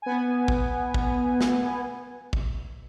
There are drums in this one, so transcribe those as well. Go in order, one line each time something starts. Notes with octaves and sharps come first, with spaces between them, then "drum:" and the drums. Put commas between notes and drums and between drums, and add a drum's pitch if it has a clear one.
B3 G#5
drum: kick
drum: kick
drum: snare
drum: kick